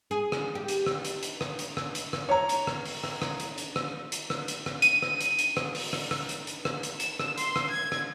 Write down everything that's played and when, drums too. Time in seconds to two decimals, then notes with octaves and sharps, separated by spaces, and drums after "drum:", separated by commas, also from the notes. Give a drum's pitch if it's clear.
0.11 G#4
0.32 drum: rim click
0.55 G4
0.68 drum: hi-hat
0.86 drum: rim click
1.05 drum: hi-hat
1.23 drum: hi-hat
1.41 drum: rim click
1.59 drum: hi-hat
1.77 drum: rim click
1.95 drum: hi-hat
2.13 drum: rim click
2.29 C#5 A#5
2.49 drum: hi-hat
2.67 drum: rim click
2.85 drum: open hi-hat
3.04 drum: rim click
3.22 drum: rim click
3.40 drum: hi-hat
3.58 drum: hi-hat
3.76 drum: rim click
4.12 drum: hi-hat
4.30 drum: rim click
4.48 drum: hi-hat
4.66 drum: rim click
4.82 D#7, drum: hi-hat
5.02 drum: rim click
5.21 drum: hi-hat
5.39 drum: hi-hat
5.57 drum: rim click
5.75 drum: open hi-hat
5.93 drum: rim click
6.11 drum: rim click
6.29 drum: hi-hat
6.47 drum: hi-hat
6.65 drum: rim click
6.83 drum: hi-hat
7.00 E7, drum: hi-hat
7.19 drum: rim click
7.38 C6, drum: hi-hat
7.56 drum: rim click
7.71 G#6
7.92 drum: rim click